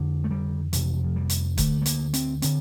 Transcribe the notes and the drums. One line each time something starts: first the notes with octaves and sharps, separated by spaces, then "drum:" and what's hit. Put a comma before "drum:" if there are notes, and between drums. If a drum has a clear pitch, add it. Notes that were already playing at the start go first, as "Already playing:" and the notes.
Already playing: F2 D3
A3
G3
F2 C3 E3, drum: hi-hat
F3
G3
drum: hi-hat
D2 D3 A3, drum: kick, hi-hat
A3
A#3, drum: hi-hat
C4, drum: hi-hat
D3 C4, drum: hi-hat